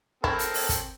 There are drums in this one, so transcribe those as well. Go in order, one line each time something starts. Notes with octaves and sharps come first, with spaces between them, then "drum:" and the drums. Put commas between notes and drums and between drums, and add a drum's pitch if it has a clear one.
C4 E4 A4 A#4, drum: kick
drum: hi-hat
drum: open hi-hat
drum: kick, hi-hat